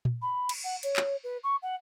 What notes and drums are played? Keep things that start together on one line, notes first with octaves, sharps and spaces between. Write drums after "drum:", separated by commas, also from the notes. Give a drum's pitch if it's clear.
drum: tom A#2
B5
drum: cymbal
F#5
C#5, drum: hi-hat
drum: clap
B4
C#6
F#5